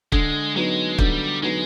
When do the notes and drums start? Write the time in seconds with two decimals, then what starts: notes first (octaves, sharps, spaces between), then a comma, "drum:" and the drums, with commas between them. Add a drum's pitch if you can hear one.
0.12 D3 G#3, drum: kick
0.56 F#3 G#3 B3 D#4
0.99 D3 G3, drum: kick
1.42 F#3 G#3 B3 D#4